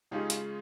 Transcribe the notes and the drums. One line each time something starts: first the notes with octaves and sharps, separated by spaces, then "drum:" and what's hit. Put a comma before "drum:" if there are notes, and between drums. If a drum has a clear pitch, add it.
C#3 G#3 C#4 D#4 F4 G4 G#4
drum: hi-hat